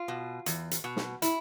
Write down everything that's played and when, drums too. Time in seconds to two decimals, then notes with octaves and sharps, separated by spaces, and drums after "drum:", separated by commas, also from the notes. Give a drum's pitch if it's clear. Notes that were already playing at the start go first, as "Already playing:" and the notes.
Already playing: F4
0.08 B2
0.46 E2, drum: hi-hat
0.71 drum: hi-hat
0.84 B2
0.96 drum: snare
1.22 E4, drum: hi-hat